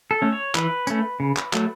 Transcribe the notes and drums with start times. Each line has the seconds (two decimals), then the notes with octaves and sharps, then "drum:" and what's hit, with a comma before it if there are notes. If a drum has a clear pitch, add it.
0.11 A4
0.22 A3 C#4
0.32 C#5
0.55 E3 B4, drum: clap
0.87 A3 C#4, drum: tambourine
1.20 C#3
1.37 drum: clap
1.53 F#3 A3, drum: clap